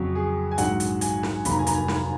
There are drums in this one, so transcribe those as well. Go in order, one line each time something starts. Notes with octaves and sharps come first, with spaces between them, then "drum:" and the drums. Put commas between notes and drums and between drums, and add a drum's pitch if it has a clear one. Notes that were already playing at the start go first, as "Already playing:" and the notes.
Already playing: F2 C#3 F#3 F#4
G#4
G#5
A#1 G#2 F#3 F#5, drum: hi-hat
drum: hi-hat
G#5, drum: hi-hat
drum: snare
F1 D#2 D#3 F#3 B5, drum: hi-hat
A#5
G#5
A#5, drum: hi-hat
G#5
drum: snare